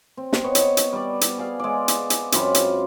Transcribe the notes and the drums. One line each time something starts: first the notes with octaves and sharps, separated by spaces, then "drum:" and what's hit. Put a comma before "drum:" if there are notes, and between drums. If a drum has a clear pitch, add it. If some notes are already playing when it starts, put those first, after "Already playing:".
C4
drum: snare
B3 C#5 D#5
drum: hi-hat
drum: hi-hat
G3 D5
drum: hi-hat
G#4 D5 F5
G#3 D5
drum: hi-hat
drum: hi-hat
F#2 C4 F4 B5, drum: hi-hat
drum: hi-hat